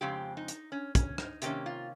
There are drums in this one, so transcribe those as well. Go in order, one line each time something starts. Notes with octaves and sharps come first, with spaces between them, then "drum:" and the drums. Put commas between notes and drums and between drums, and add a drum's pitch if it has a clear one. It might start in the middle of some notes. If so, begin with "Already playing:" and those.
F2 C#3 G#3 C4 G4
D#4
drum: hi-hat
C#4
C#4, drum: kick, hi-hat
D#4, drum: rim click
C3 D#3 A#3 C#4 G4, drum: hi-hat
F4